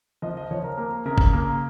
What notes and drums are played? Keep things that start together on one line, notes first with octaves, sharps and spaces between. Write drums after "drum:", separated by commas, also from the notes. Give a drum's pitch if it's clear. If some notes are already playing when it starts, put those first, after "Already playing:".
F3 D#5
D#5
F3 C#5
A#4
A#3 A#4
C#3 A#4
drum: kick G1
A#3